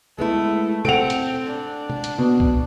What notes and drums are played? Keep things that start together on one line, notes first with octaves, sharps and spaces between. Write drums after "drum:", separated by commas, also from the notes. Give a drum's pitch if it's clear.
G#3 A3 B3 E4
C4 A4 F#5 D7 F7, drum: tom B2
drum: hi-hat
D4
drum: tom B2
drum: hi-hat
B2
drum: kick B1